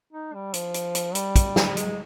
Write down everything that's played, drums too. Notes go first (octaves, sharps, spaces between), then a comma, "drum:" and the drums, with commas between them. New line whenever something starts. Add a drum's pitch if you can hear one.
D#4
G3
F3, drum: hi-hat
drum: hi-hat
drum: hi-hat
G3, drum: hi-hat
drum: kick, hi-hat
drum: snare
G#3, drum: hi-hat